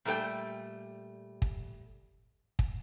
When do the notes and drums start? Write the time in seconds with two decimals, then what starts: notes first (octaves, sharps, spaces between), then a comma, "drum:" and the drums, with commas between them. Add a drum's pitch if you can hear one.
0.05 A#2 G3 A3 A#4 G5
1.42 drum: kick
2.59 drum: kick